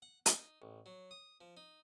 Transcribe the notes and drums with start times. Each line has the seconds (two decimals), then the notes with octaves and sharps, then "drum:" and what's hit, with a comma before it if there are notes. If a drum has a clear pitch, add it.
0.02 F#5
0.26 D#4, drum: hi-hat
0.62 A1
0.86 F#3
1.11 D#6
1.41 F3
1.57 D#4